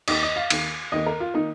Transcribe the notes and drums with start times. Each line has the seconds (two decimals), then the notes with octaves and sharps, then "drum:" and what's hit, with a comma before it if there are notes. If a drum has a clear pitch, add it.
0.08 D#2 D#3 A#3 D#5, drum: cymbal
0.23 D#5
0.36 F5
0.50 D#2 D#3 A#3, drum: cymbal
0.92 D#2 D#3 A#3 D#5
1.06 A#4
1.20 F4
1.34 D#3 A#3 D#4